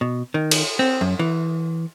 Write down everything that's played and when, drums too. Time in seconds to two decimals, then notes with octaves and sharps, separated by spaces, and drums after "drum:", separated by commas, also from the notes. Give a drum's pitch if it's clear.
0.01 B2
0.34 D#3
0.51 drum: cymbal
0.79 C4
1.01 F#2
1.19 E3